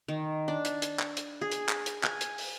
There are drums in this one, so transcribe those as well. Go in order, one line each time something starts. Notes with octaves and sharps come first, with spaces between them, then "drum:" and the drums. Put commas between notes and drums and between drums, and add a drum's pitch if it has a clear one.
D#3
D4
drum: hi-hat
drum: hi-hat
drum: clap
drum: hi-hat
G#4
drum: hi-hat
drum: clap
drum: hi-hat
G#5, drum: clap
drum: hi-hat
drum: open hi-hat